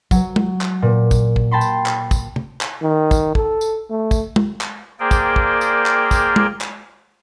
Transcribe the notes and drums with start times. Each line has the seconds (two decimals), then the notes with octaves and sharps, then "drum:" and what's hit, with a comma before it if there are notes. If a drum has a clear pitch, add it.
0.11 F#3, drum: kick, tambourine
0.36 drum: tom
0.61 drum: clap
0.82 A#2
1.11 drum: kick, tambourine
1.36 drum: kick
1.51 G5 A5 B5 C6
1.61 drum: tambourine
1.86 drum: clap
2.11 drum: kick, tambourine
2.36 drum: tom
2.61 drum: clap
2.82 D#3
3.11 drum: kick, tambourine
3.35 A4, drum: kick
3.61 drum: tambourine
3.90 A3
4.11 drum: kick, tambourine
4.36 drum: tom
4.61 drum: clap
5.00 A#3 G#4 A#4 C5 D5 G5
5.11 drum: kick, tambourine
5.36 drum: kick
5.61 drum: tambourine
5.86 drum: clap
6.11 drum: kick, tambourine
6.36 drum: tom
6.61 drum: clap